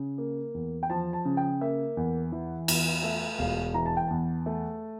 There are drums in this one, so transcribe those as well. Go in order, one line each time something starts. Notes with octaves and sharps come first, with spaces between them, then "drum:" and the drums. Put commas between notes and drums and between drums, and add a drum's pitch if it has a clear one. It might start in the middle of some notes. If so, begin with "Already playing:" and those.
Already playing: C#3
A#3
E2
G5
F3 A5
A5
C#3
G5
A#3 E5
E2
E3
E2, drum: cymbal
A3 E5
E1 F5
E3 A#5
A5
G5
E2 A5
A3